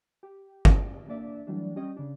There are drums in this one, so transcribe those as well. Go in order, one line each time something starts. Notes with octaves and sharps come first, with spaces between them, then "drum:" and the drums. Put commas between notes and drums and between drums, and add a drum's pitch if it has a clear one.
G4
drum: kick G1
A#3 D4 D5 E5
E3 F#3 G3 A3 D4
G3 C#4 G4 D#5
C#3 D4